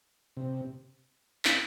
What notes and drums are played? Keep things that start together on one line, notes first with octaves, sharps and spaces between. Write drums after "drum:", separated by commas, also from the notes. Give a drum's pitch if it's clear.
C3
drum: clap